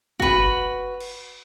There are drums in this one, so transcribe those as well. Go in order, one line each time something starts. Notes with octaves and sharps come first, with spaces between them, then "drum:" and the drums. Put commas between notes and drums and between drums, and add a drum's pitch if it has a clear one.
F#4 B4, drum: kick
drum: cymbal